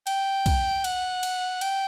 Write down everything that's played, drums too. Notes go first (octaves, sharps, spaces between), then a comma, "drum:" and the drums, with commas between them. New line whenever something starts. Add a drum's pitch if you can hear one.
G5, drum: cymbal
drum: kick, cymbal
F#5, drum: cymbal
drum: cymbal
G5, drum: cymbal